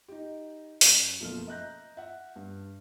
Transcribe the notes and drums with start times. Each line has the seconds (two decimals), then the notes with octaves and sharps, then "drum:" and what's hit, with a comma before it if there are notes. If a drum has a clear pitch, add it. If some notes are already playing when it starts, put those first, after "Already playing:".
0.08 D#4 G4
0.81 F#2, drum: open hi-hat
1.21 F#1 B2 F3 A3 A#3 F6
1.47 D#5 E5 A#5 F#6 G6 A#6
1.97 E5 F#5
2.36 G2